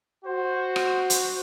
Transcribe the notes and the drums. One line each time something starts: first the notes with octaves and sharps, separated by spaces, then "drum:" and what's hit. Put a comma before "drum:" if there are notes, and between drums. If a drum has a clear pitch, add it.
F#4 C5
drum: rim click
drum: hi-hat